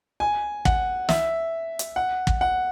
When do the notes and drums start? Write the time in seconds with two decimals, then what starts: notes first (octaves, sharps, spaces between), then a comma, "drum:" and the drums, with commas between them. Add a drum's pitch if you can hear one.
0.20 G#5
0.65 F#5, drum: kick
1.09 E5, drum: snare
1.79 drum: hi-hat
1.96 F#5
2.27 drum: kick
2.41 F#5